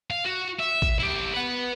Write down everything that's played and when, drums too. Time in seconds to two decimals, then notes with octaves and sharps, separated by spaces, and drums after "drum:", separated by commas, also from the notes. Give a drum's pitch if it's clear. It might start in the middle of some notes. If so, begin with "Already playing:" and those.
0.11 F5
0.25 F#4
0.59 E5
0.82 drum: kick
0.99 E4 G4
1.34 B4 F#5